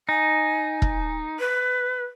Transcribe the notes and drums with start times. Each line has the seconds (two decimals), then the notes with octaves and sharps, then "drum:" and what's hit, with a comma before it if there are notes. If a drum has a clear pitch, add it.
0.09 D#4 G#5
0.82 drum: kick E1
1.39 B4